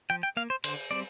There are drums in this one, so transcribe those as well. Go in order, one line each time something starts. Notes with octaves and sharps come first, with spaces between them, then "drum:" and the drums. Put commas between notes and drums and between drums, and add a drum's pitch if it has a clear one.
F3 G5
G5
A#3 F5
C5
D3 C5, drum: cymbal
G3 C4 D5